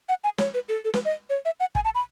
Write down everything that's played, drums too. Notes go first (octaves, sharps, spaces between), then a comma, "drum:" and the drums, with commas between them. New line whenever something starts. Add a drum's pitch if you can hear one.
F#5
G#5
C#5, drum: snare
B4
A4
A4
B4, drum: snare
D#5
C#5
E5
F#5
G#5, drum: kick
A5
B5